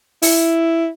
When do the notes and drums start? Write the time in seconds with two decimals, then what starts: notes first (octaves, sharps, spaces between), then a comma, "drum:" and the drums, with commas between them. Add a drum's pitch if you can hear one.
0.22 E4, drum: open hi-hat